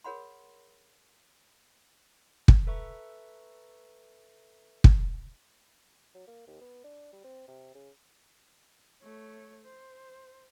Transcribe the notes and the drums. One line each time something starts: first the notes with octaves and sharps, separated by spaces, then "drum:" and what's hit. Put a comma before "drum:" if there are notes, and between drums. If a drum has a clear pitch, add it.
G#4 A#4 C#5 F#5 B5 C6
drum: kick
A4 B4 E5 A#5 C#6
drum: kick
F#3
A#3
D#2
B3
D4
G3
C4
C3
C#3
A3 C#5
C5